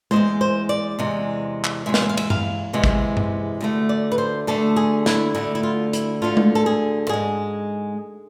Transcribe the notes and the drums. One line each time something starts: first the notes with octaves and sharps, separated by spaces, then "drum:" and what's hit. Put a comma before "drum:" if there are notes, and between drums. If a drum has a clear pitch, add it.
C3 G#3 C5, drum: tom G#3
E2
C5
D5
E2 C3 G#3
drum: clap
E2 C3 G#3 E5
F5, drum: snare
E5
F5
E5, drum: cymbal
F5, drum: tom G2
E2 C3 G#3
drum: kick
drum: tom G2
D2 D3 A3
D5
B4
C5
D2 D3 A3 A4
G#4
E4, drum: snare
D2 D3 A3 E4
E4
F4
E4, drum: hi-hat
D2 D3 A3 F4
drum: tom G#3
A4
G#4
G#2 G#3 G#4